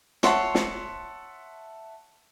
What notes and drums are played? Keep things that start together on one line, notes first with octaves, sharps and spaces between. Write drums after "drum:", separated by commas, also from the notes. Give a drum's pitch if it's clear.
C#5 E5 F#5 A5 C6, drum: snare
drum: snare